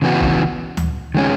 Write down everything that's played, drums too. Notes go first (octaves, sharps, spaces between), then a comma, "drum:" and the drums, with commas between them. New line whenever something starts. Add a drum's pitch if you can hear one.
C#3 E3 B3 F#4
drum: kick
drum: tom D2
D#3 G#3 C#4